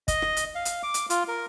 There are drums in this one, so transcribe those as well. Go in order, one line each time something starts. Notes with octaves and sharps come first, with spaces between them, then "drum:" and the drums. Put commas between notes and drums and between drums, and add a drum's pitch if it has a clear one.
D#5, drum: kick, hi-hat
drum: rim click
drum: hi-hat
F5
drum: hi-hat
D6
drum: hi-hat
F4, drum: hi-hat
A#4